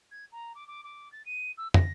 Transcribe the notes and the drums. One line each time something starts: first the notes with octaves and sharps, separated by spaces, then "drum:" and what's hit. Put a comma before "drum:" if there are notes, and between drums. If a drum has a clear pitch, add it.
G#6
A#5
D6
D6
D6
A6
D#7
E6
A#6, drum: tom